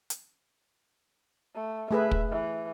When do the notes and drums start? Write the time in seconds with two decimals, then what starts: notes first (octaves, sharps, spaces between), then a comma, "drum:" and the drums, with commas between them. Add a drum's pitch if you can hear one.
0.10 drum: hi-hat
1.55 A3
1.91 A3 G#4 B4 E5
2.11 drum: kick
2.31 E3